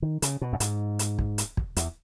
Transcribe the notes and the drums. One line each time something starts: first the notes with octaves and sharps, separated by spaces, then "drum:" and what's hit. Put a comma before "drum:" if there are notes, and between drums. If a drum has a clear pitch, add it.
D#3
C#3, drum: hi-hat
B2
F#2
G#2, drum: hi-hat
drum: hi-hat
drum: kick
drum: hi-hat
drum: kick
E2, drum: hi-hat